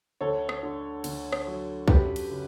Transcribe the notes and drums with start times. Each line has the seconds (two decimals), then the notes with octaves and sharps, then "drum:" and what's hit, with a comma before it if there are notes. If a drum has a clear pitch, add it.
0.21 D2 A4 C#5
0.49 drum: rim click
0.63 D3
1.04 D2, drum: cymbal
1.32 drum: rim click
1.47 F#3
1.88 F#2 G4 B4, drum: kick B1
2.16 drum: cymbal
2.30 C#3